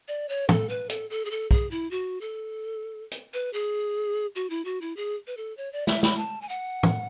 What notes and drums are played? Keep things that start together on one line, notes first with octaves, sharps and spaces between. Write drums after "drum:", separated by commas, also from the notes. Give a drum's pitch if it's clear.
D5
C#5
A4, drum: tom
B4
A4, drum: hi-hat
A4
G#4
A4
G#4, drum: kick
E4
F#4
A4
drum: hi-hat
B4
G#4
F#4
E4
F#4
E4
G#4
B4
A4
C#5
D5
E5, drum: snare
B5, drum: snare
A5
G#5
F#5
drum: tom